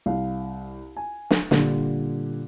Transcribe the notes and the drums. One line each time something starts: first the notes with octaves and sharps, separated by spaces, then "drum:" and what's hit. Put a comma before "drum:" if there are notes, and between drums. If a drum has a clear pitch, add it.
C2 F5
G#5
drum: snare
A#2 D3 G3, drum: snare